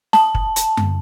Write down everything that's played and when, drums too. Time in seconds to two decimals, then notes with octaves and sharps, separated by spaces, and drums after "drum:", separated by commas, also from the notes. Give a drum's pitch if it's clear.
0.13 A5, drum: snare
0.35 drum: kick
0.56 drum: hi-hat
0.77 drum: tom F#2